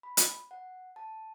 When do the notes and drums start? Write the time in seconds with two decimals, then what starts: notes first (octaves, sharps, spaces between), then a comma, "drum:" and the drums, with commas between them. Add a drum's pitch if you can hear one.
0.03 B5
0.17 drum: hi-hat
0.51 F#5
0.96 A5